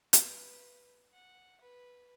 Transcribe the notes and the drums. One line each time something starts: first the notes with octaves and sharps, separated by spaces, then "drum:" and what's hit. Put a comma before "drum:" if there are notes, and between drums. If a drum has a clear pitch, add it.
B4, drum: hi-hat
F#5
B4